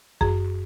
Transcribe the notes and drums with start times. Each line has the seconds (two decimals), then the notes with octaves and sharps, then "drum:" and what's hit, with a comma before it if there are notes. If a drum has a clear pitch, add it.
0.21 F#2 G#4, drum: kick